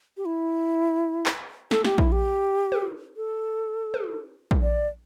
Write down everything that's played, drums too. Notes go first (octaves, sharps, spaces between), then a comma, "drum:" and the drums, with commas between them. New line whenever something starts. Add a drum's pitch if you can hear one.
G4
E4
drum: clap
A4, drum: snare
G4, drum: snare
E4, drum: kick A#1
G4
drum: tom
A4
drum: tom
drum: kick A#1
D5